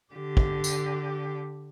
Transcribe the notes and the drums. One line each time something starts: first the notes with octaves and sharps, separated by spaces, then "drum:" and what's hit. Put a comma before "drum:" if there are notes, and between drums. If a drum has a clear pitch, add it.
D3 G4
drum: kick
drum: tambourine